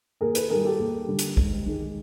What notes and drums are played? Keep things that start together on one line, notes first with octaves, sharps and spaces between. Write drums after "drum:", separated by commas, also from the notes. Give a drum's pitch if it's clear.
D#2 G#4 A#4
A4 B4, drum: hi-hat
D#3 G3 G#4 A#4
G4 A4
D#2
D3 G3
drum: hi-hat
G#2, drum: kick
D#3 G#3